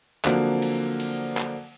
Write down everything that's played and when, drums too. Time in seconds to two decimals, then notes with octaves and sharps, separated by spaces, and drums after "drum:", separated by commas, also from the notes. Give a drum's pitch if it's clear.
0.25 D3 F3 F#3 A#3 C4, drum: clap
0.62 drum: cymbal
1.00 drum: cymbal
1.37 drum: clap